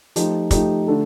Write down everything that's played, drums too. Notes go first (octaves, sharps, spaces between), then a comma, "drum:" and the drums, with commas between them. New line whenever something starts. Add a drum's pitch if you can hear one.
F3 A3 D#4 G4, drum: hi-hat
F3 A3 D#4 G4, drum: kick, hi-hat
D3 A3 D4 A4